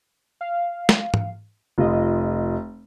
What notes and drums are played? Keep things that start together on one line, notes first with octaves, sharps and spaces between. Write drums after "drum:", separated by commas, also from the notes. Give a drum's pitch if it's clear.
F5
drum: snare
drum: tom G#2
F1 F4 D#5